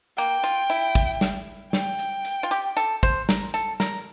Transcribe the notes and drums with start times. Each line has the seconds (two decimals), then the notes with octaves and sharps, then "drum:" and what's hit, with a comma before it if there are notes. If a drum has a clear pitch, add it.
0.18 A#3 G5, drum: hi-hat
0.44 F4, drum: hi-hat
0.70 E4, drum: hi-hat
0.95 drum: kick, hi-hat
1.21 drum: snare
1.73 G5, drum: snare
1.99 drum: hi-hat
2.25 drum: hi-hat
2.43 F4
2.51 G4, drum: hi-hat
2.77 A4, drum: hi-hat
3.03 C5, drum: kick, hi-hat
3.29 A#4, drum: snare
3.54 A4, drum: hi-hat
3.80 A#4, drum: snare